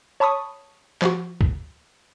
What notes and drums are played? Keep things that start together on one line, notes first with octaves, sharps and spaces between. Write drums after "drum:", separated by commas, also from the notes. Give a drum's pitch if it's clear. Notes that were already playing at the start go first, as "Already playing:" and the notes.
C#5 A5 B5 C#6 D#6
F3 F#4, drum: clap
drum: kick C#2